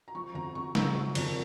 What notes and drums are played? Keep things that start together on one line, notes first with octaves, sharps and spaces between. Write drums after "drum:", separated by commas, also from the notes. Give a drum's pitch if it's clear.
A#5
F3 C#6
F2 A#5
F2 C#6
C#3 A#5, drum: snare
A#5
F3 C#6
F2, drum: cymbal